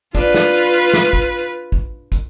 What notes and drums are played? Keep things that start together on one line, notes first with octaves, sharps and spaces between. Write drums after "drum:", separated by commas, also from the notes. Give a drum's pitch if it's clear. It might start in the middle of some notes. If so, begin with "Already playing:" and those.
D4 F4 B4, drum: kick, hi-hat
drum: snare
drum: hi-hat
drum: snare
drum: kick
drum: kick
drum: kick, hi-hat